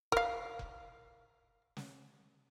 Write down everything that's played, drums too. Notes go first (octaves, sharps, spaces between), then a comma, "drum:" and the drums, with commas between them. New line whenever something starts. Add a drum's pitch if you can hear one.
A#4 F5, drum: kick F1
drum: kick F1
drum: snare